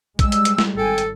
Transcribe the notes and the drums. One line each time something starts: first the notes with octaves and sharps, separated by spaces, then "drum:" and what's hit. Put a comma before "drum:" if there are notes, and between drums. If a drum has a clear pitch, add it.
G3 G#3 E6, drum: kick, hi-hat
drum: hi-hat
drum: hi-hat
drum: snare
G#1 A4 G5 G#5
drum: hi-hat